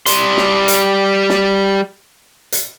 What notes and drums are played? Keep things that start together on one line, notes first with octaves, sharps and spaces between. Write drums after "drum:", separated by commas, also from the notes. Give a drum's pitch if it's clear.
G3 C6, drum: hi-hat
drum: snare
drum: hi-hat
drum: snare
drum: hi-hat